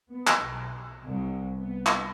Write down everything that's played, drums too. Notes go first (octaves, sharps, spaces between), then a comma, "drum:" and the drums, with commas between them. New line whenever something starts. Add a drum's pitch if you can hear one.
B3
drum: clap
B1
C2
B3
drum: clap